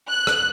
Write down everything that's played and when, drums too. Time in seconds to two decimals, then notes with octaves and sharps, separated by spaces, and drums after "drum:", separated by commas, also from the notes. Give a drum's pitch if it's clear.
0.11 F#6
0.27 drum: rim click